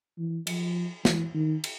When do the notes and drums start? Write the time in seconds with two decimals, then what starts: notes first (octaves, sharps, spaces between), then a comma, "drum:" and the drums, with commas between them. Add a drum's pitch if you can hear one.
0.18 E3
0.47 F3, drum: cymbal
1.05 E3, drum: snare
1.35 D#3
1.64 drum: cymbal